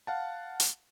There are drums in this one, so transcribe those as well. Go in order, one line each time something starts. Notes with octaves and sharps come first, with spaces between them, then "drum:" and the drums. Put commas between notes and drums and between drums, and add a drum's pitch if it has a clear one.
F5 F#5 A5
drum: hi-hat